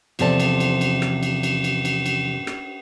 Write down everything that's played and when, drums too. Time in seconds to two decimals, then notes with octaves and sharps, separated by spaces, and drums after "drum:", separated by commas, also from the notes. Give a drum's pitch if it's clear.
0.19 E2 C3 F3 A4 D5 A5, drum: cymbal
0.40 drum: cymbal
0.60 drum: cymbal
0.81 drum: cymbal
1.02 drum: rim click
1.23 drum: cymbal
1.43 drum: cymbal
1.64 drum: cymbal
1.85 drum: cymbal
2.06 drum: cymbal
2.47 drum: rim click